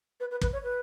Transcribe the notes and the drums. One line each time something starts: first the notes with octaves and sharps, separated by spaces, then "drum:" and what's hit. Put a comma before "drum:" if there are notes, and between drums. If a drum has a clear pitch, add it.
B4
B4
B4, drum: kick
C#5
B4